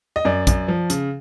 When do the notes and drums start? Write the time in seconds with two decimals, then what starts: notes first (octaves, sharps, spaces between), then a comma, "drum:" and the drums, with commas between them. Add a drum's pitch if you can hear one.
0.16 D#5
0.25 F#2 D5
0.47 F#2, drum: kick, hi-hat
0.68 F3
0.90 C#3, drum: hi-hat